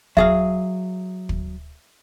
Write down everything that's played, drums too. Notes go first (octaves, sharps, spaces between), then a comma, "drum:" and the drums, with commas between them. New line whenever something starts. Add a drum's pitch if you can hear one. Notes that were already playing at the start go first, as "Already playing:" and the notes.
F#3 G#4 E5 F5, drum: kick
drum: kick